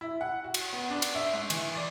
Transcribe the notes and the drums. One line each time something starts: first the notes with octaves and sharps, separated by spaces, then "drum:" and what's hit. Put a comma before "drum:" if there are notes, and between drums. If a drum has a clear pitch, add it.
E4
F#5
F#4
drum: cymbal
B3
D4
drum: cymbal
E5
G#2
E3, drum: cymbal
D5